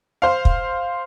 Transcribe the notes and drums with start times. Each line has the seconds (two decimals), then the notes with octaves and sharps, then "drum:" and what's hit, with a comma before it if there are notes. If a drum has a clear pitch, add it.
0.22 C5 F5
0.45 drum: kick